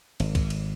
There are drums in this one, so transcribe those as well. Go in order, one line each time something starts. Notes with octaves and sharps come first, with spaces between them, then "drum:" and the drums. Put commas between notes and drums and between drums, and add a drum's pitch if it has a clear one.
G#1, drum: cymbal
drum: kick B1, cymbal
drum: cymbal